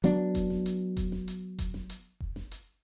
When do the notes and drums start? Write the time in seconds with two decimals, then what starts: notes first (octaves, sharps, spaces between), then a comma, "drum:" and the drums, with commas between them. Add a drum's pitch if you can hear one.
0.04 F#3 B3 D4, drum: hi-hat
0.35 drum: kick E1, hi-hat
0.50 drum: snare G1
0.66 drum: hi-hat
0.97 drum: kick E1, hi-hat
1.12 drum: snare G1
1.28 drum: hi-hat
1.59 drum: kick E1, hi-hat
1.74 drum: snare G1
1.89 drum: hi-hat
2.20 drum: kick E1
2.36 drum: snare G1
2.51 drum: hi-hat